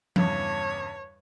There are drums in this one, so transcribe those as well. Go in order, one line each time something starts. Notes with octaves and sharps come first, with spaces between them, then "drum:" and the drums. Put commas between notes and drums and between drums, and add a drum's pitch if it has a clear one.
E2 G2 C#3 C#5, drum: tom F3